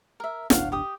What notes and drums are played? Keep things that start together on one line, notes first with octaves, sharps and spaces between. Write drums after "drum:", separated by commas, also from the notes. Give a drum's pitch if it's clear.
A#4 E5
D1 G1 D4 C#5 F5 F#5, drum: snare
G4 G5 D#6